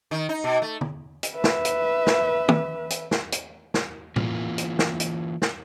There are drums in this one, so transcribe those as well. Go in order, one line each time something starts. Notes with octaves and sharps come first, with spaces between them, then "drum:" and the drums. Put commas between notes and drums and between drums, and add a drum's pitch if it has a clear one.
D#3
D#4
B2
A3
drum: tom
drum: hi-hat
B4 E5
drum: snare
drum: hi-hat
drum: snare
drum: tom
drum: hi-hat
drum: snare
drum: hi-hat
drum: snare
E3 A#3 F4, drum: tom A2
drum: hi-hat
drum: snare
drum: hi-hat
drum: snare